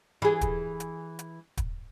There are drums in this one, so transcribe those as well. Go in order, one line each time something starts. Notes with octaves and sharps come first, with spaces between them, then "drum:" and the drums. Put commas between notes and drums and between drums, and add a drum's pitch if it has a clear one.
E3 G#4
drum: kick, hi-hat
drum: hi-hat
drum: hi-hat
drum: kick, hi-hat